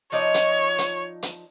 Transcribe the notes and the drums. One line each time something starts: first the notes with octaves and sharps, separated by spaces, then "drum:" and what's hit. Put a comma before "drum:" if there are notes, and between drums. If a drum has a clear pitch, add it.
F3 D#4 C#5 D5
drum: hi-hat
drum: hi-hat
drum: hi-hat